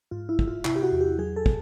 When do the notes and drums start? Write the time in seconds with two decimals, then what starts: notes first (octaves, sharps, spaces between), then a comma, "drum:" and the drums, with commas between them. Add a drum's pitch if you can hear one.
0.11 G#2 F4
0.29 E4
0.39 G#2, drum: kick
0.48 F4
0.65 C3 E4, drum: clap
0.76 G4
0.83 F#4
0.92 E2
1.01 G4
1.18 F#3 G#4
1.36 A4
1.46 B2, drum: kick